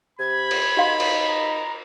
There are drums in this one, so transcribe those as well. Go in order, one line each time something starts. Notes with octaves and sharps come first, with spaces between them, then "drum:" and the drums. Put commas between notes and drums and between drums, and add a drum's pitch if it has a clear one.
C3 B5 G#6
drum: cymbal
D#4 F#4 F5 C6
drum: cymbal
A#5